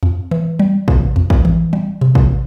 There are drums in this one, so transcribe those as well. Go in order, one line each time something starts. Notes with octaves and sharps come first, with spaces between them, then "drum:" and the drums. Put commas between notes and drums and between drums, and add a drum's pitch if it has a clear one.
F2
E3
G3
C3, drum: kick
F2
drum: kick
E3
G3
C3
drum: kick